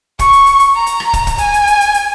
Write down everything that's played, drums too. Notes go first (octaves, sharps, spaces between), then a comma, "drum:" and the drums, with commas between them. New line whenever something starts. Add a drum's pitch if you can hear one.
C#6, drum: kick, hi-hat
drum: hi-hat
drum: hi-hat
drum: hi-hat
A#5
drum: hi-hat
drum: rim click
drum: kick, hi-hat
drum: kick, hi-hat
G#5, drum: hi-hat
drum: hi-hat
drum: hi-hat
drum: hi-hat
drum: hi-hat